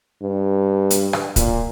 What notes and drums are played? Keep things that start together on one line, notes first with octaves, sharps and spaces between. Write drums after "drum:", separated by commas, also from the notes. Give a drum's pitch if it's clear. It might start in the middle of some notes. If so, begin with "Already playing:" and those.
G2
drum: hi-hat
drum: rim click
A#2, drum: kick, hi-hat